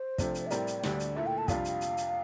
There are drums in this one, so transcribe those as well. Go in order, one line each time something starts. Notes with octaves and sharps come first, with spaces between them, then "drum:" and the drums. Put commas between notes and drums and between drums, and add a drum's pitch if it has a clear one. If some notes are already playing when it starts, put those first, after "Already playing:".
Already playing: C5
C3 F3 A3 D4, drum: kick, hi-hat
drum: hi-hat
E5
A2 G3 C4 E4 A#4 D5, drum: hi-hat
drum: hi-hat
D2 D3 G3 D4 G4, drum: snare
drum: hi-hat
A#2 A3 E4 A4 E5
G5
A5
F2 C3 G3 D4 F4 F5, drum: kick, hi-hat
drum: hi-hat
drum: hi-hat
drum: hi-hat